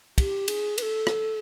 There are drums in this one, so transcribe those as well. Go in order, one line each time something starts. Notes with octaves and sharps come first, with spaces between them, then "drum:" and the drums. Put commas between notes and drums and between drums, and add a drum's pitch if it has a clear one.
G4, drum: kick, cymbal
G#4, drum: cymbal
B4, drum: cymbal
A4
drum: rim click